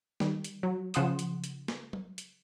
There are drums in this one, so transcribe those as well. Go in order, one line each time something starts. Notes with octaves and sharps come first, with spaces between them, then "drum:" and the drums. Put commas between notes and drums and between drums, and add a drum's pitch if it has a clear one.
D#3 G3, drum: snare
drum: hi-hat
F#3
C#3 F3 F#5 C6 D#6 E7, drum: hi-hat
drum: hi-hat
drum: hi-hat
drum: snare
drum: tom
drum: hi-hat